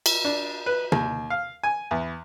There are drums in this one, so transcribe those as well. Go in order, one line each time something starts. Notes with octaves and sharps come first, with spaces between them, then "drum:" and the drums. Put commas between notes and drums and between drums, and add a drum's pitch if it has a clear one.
drum: cymbal
D4
B4
D#2, drum: tom
F5
G#5
E2